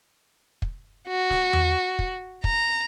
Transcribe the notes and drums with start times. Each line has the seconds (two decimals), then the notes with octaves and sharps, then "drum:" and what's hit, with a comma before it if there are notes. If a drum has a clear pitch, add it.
0.62 drum: kick
1.08 F#4
1.30 drum: snare
1.53 drum: tom E2
1.99 drum: kick
2.44 A#5, drum: kick